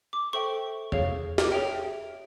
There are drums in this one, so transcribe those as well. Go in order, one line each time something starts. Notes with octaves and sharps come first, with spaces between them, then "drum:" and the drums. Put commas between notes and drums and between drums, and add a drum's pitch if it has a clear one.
D6
A4 C5 E5 G5 C#6
G#4 C#5 F5, drum: tom E2
drum: snare
G#4 C#5 E5 G5